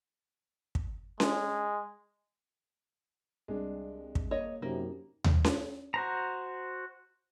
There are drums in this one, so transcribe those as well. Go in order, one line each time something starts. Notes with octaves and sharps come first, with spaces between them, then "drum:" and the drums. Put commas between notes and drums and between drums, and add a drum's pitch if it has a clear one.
drum: kick
G#3, drum: snare C#4
C2 G#3 D4
drum: kick
A#3 C#5 D#5
F#2 C3 A#3 D#4
drum: tom D#2
drum: snare C#4
F#4 C5 A#5